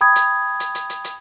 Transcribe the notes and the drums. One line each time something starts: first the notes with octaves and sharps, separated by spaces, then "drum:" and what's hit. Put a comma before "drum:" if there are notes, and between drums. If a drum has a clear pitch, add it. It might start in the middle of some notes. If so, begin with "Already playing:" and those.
G5 B5 D#6 G#6
drum: hi-hat
drum: hi-hat
drum: hi-hat
drum: hi-hat
drum: hi-hat